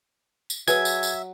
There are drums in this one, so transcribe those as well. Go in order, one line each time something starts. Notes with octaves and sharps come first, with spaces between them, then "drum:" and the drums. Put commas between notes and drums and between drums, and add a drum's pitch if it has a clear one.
drum: tambourine
F#3 G#4 B4 E5 G#5 G#6, drum: tambourine
drum: tambourine
drum: tambourine